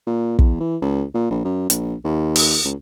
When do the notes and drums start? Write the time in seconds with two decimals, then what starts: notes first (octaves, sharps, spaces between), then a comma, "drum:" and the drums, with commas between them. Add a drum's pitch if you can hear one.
0.07 A#2
0.39 E2, drum: kick
0.60 E3
0.82 C#2
1.14 A#2
1.30 A#1
1.44 F#2
1.70 A#1, drum: hi-hat
2.04 D#2
2.36 drum: open hi-hat
2.64 C#2